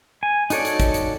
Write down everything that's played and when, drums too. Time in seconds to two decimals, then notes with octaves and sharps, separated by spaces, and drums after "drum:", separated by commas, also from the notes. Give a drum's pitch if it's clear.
0.23 G#5
0.50 D#4 F#4 A4 C#5 D5, drum: hi-hat
0.65 drum: hi-hat
0.80 drum: kick, hi-hat
0.94 drum: hi-hat